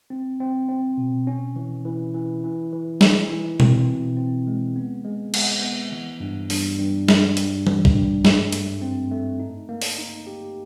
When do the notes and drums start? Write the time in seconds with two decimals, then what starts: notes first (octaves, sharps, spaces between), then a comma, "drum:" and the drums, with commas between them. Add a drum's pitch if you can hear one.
0.10 C4
0.40 C4
0.69 C4
0.97 B2
1.27 C#4
1.56 E3
1.85 E3
2.14 E3
2.44 E3
2.73 E3
3.01 D#4, drum: snare
3.31 E3
3.60 C4, drum: tom B2
3.89 B2
4.17 C4
4.47 G#3
4.76 B3
5.05 G#3
5.34 G#3, drum: cymbal
5.62 B3
5.92 E3
6.20 G2
6.50 G2, drum: open hi-hat
6.78 G2
7.08 G2, drum: snare
7.37 G2, drum: hi-hat
7.67 G3, drum: tom E3
7.85 drum: kick
7.94 G2
8.25 G#2, drum: snare
8.52 A3, drum: hi-hat
8.82 C4
9.11 A3
9.40 D#4
9.69 A#3
9.82 drum: open hi-hat
9.98 D#4
10.27 G4